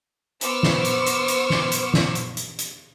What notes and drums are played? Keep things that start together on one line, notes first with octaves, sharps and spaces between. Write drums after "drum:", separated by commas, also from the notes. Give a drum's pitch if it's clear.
B3 C5 C#6 D6 E6 F6, drum: hi-hat
drum: snare
drum: hi-hat
drum: hi-hat
drum: hi-hat
drum: snare
drum: hi-hat
drum: snare
drum: hi-hat
drum: hi-hat
drum: hi-hat